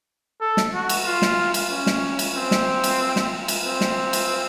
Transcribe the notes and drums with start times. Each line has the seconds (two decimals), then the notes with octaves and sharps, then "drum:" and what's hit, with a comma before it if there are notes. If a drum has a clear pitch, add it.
0.41 A4
0.57 drum: snare
0.73 F#4
0.89 drum: cymbal
1.06 F4
1.22 drum: snare
1.54 drum: cymbal
1.70 C#4
1.87 drum: snare
2.19 drum: cymbal
2.35 C4
2.51 drum: snare
2.84 drum: cymbal
3.16 drum: snare
3.48 drum: cymbal
3.64 C4
3.81 drum: snare
4.13 drum: cymbal